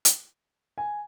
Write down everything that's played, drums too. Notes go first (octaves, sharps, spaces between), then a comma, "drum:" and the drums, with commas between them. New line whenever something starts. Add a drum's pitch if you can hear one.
drum: hi-hat
G#5